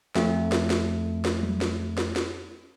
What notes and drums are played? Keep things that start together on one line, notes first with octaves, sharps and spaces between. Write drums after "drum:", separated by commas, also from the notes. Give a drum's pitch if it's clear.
F2 A3, drum: snare
drum: snare
drum: snare
drum: snare
drum: tom F#3
drum: snare
drum: snare
drum: snare